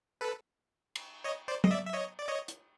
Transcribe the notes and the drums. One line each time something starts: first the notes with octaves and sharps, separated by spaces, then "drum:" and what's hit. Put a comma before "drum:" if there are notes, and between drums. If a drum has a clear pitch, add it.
A4 B4
drum: cymbal
C#5 D#5
C5 D5
D#5, drum: tom
D5 E5
E5
C#5 D#5
D5
C#5 D#5
drum: hi-hat